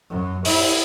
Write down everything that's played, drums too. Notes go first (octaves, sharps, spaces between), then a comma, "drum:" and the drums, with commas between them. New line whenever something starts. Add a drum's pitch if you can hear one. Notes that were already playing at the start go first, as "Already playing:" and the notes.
F#2
E4, drum: open hi-hat